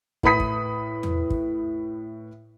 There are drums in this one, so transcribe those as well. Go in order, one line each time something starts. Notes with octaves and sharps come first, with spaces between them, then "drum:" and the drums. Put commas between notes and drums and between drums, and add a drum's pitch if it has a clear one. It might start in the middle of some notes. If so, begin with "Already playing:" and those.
A2 E4 B4 B5 D#6 B6, drum: kick
drum: kick
drum: tom E2
drum: kick